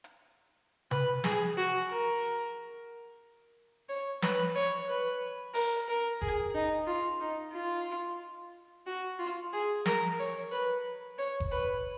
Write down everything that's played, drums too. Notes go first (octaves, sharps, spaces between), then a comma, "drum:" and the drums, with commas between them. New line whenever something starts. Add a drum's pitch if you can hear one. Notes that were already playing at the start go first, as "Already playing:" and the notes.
drum: hi-hat
B4, drum: tom C3
G#4, drum: snare
F#4
A#4
C#5
B4, drum: snare
C#5
B4
A#4, drum: open hi-hat
A#4
G#4, drum: kick F#1
D#4
F4
D#4
F4
F#4
F4
G#4
A#4, drum: snare
C#5
B4
C#5
drum: kick F#1
B4